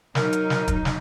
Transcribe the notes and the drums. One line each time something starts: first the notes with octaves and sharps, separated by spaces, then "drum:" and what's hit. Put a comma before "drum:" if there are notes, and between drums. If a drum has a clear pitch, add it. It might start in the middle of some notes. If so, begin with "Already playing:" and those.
F#3 D#4 A#4, drum: snare
drum: hi-hat
drum: snare
drum: kick, hi-hat
drum: snare